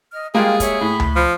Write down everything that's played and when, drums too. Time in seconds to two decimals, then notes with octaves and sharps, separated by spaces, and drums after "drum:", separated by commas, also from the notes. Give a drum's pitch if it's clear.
0.12 D#5 F6
0.35 G3 G#3 A#3 F4 G#4 F5 G5
0.60 C#5 E5, drum: kick, hi-hat
0.81 A2 B5
1.00 drum: tom C#2
1.16 F3